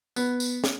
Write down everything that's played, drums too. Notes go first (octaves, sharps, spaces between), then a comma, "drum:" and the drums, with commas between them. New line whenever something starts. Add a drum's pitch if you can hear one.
B3, drum: tambourine
drum: tambourine
drum: snare